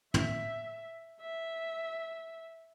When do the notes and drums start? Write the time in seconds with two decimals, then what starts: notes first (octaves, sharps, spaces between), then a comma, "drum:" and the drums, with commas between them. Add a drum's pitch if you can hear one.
0.14 E5, drum: tom
1.20 E5